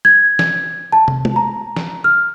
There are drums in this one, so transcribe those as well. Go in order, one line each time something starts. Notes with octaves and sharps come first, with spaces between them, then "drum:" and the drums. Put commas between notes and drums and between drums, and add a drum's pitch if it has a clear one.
G#6
drum: snare
A5
drum: tom
drum: tom G#3
A#5
drum: snare
F6